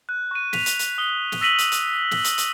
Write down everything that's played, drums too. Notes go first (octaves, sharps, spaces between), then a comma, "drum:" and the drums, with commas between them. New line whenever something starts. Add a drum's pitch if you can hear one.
F#6
C#6 D#7
B6 F7, drum: snare
drum: hi-hat
drum: hi-hat
D#6 G7
drum: snare
E6 A#6 B6 D#7 F#7 G7
drum: hi-hat
drum: hi-hat
drum: snare
drum: hi-hat
drum: hi-hat